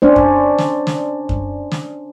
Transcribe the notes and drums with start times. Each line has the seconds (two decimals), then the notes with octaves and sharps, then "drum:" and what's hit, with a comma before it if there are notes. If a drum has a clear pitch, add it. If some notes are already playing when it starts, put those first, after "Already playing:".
0.02 C#4 D4 C5
0.16 drum: kick F#2
0.58 drum: snare
0.87 drum: snare
1.29 drum: kick F#2
1.72 drum: snare